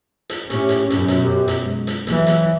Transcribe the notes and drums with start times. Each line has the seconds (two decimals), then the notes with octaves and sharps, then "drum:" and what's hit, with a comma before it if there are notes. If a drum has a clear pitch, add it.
0.30 drum: hi-hat
0.50 A2 C#4 G4, drum: hi-hat
0.69 drum: hi-hat
0.90 F#2 B2 C#4, drum: hi-hat
1.08 drum: hi-hat
1.22 G4
1.48 drum: hi-hat
1.63 G#3
1.87 drum: hi-hat
2.07 E3 F#3, drum: hi-hat
2.27 drum: hi-hat